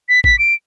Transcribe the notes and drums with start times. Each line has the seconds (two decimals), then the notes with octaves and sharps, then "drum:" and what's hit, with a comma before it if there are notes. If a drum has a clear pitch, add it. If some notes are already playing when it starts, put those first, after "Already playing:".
0.09 B6
0.24 B6, drum: kick A1
0.39 D7